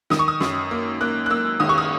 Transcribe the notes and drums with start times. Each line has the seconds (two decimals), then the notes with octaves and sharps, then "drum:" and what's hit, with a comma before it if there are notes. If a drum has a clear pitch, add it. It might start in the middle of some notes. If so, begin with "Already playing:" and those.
0.10 D#3 D#6, drum: snare
0.19 C#6
0.28 D#6
0.40 F#2, drum: snare
0.71 A#3
1.01 A#3 F#6
1.26 F#6
1.30 A#3 E6
1.60 D#3 D#6, drum: cymbal
1.69 C#6
1.78 D#6